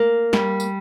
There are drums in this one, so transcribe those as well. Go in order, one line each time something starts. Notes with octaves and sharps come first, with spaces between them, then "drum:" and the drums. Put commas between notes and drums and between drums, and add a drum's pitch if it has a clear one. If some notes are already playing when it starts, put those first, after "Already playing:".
Already playing: A#3
G3, drum: snare
drum: tambourine